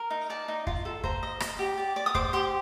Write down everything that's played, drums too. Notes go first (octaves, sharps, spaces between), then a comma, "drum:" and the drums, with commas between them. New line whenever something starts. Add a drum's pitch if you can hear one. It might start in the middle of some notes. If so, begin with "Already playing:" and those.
Already playing: A#4
D#4
D5 A5
D#4
F4, drum: kick
A4
C5 A#5, drum: kick
D#5
D#5, drum: rim click
G4
D5
D5
D#6
C5 D6, drum: kick
G4 C6